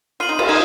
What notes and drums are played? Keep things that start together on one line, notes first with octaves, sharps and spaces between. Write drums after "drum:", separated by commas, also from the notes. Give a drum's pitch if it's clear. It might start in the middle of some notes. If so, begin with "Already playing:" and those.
F4 F6 C7 D#7 F#7
D#4
F4, drum: cymbal
D#4 G#6